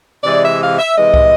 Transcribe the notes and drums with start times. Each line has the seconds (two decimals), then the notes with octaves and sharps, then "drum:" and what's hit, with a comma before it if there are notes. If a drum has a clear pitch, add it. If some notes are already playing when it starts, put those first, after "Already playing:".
0.24 C3 E3 G#3 D5
0.42 E5
0.60 F5
0.79 E5
0.96 C3 E3 G#3 D#5
1.14 drum: kick C2